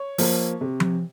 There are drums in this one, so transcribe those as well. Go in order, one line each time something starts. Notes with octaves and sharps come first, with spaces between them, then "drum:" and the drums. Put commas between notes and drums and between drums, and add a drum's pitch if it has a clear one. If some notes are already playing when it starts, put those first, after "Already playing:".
Already playing: C#5
F3 A#3, drum: open hi-hat
C3
drum: tom F3